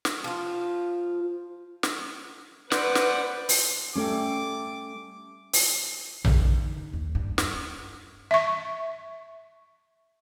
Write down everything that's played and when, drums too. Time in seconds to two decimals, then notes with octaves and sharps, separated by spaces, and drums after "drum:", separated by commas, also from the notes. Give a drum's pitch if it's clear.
0.05 drum: snare
0.24 F3 F4
1.83 drum: snare
2.72 B4 C5 D5 F#5, drum: snare
2.95 drum: snare
3.49 drum: open hi-hat
3.96 G3 A3 C#4 A4 G5 D6
5.53 drum: open hi-hat
6.25 D3, drum: tom A#1
6.39 D#4
6.93 D#2
7.15 G2
7.38 drum: snare
8.31 E5 C#6